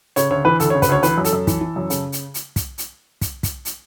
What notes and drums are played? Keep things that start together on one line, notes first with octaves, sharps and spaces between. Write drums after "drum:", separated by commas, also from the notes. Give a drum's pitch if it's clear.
C#3 C#5, drum: hi-hat
D2 C#5
E3 B4
D2 A4, drum: hi-hat
C#5
C#3
B4, drum: kick, hi-hat
D2 C#5
E3 B4, drum: hi-hat
F#2
A4, drum: hi-hat
F#2
E3, drum: kick, hi-hat
E3
F#2
C#3, drum: hi-hat
drum: hi-hat
drum: hi-hat
drum: kick, hi-hat
drum: hi-hat
drum: kick, hi-hat
drum: kick, hi-hat
drum: hi-hat